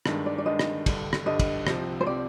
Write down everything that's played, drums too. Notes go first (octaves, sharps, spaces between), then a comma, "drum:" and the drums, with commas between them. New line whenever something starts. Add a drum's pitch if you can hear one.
G2 D#3 G#3 D4, drum: rim click
D5
D5
G2 D#3 G#3 D4 D#5
drum: rim click
G2 D3 G3 D4, drum: kick, cymbal
drum: rim click
G2 D3 G3 D4 D#5
drum: kick, cymbal
C2 C3 F3 C4 G4, drum: rim click
C5
C3 F3 C4 G4 D5